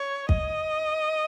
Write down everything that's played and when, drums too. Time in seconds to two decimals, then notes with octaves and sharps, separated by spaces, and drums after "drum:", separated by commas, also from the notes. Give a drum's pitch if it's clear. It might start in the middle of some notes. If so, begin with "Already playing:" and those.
Already playing: C#5
0.29 D#5, drum: kick